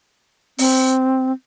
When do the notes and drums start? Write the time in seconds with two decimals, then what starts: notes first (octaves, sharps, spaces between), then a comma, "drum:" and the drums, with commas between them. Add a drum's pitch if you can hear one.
0.58 C4, drum: open hi-hat